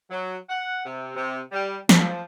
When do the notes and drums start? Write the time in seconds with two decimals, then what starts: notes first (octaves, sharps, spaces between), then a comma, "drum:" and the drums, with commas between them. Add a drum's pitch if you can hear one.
0.10 F#3
0.49 F#5
0.85 C3
1.16 C3
1.52 G3
1.89 F3, drum: snare